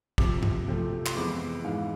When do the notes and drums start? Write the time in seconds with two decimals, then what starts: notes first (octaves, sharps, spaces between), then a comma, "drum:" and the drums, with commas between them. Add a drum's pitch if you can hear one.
0.18 F2 C3 F3 D6, drum: kick
0.43 drum: tom G2
0.68 C3 F3 A3 C4
1.06 C6, drum: clap
1.16 F2 E3 G#3 B3 D6
1.64 G#2 E3 G#3 F5